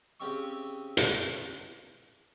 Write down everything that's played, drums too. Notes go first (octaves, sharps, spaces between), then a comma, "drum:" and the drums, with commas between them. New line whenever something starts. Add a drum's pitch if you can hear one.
C#3 C4 G4 E5 C#6
drum: hi-hat